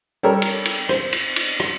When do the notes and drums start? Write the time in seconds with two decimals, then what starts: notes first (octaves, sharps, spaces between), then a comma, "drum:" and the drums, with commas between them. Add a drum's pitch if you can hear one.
0.23 G3 A4 A#4 C#5
0.42 drum: cymbal
0.65 drum: cymbal
0.89 C5, drum: rim click
1.13 drum: cymbal
1.36 drum: cymbal
1.60 drum: rim click